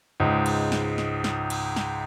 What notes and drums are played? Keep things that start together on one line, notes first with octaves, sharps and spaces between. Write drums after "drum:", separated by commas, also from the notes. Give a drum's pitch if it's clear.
C#2 G#2
drum: cymbal
drum: snare
drum: snare
drum: snare
drum: cymbal
drum: snare